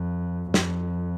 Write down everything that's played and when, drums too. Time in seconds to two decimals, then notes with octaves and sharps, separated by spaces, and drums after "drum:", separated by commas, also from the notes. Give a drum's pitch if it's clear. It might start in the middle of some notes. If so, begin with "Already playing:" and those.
Already playing: F2
0.54 F2, drum: snare